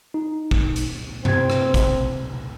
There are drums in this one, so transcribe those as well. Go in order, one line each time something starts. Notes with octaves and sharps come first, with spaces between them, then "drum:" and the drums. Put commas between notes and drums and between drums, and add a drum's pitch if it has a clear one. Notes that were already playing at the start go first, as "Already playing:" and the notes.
D#4
drum: kick
drum: hi-hat
C3 C4 G#6, drum: tom G2
drum: rim click
drum: kick, hi-hat